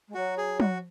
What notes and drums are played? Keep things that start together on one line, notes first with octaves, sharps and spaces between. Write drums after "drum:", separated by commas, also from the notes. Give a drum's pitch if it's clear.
G#3
F#3 F#4
G#4
F#4, drum: tom